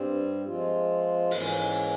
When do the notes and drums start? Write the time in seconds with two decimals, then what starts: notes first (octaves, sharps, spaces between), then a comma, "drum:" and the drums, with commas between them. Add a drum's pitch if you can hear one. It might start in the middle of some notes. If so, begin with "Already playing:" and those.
Already playing: G2 G3 C4
0.45 F3 G#3 C4 F4
1.31 G#2 E3 A#3 C#4, drum: open hi-hat